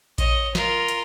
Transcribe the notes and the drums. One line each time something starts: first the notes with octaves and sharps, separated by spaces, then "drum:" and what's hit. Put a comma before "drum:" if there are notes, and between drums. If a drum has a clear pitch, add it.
C#5 D#5, drum: kick A#1, hi-hat
F4 A#4, drum: snare
drum: hi-hat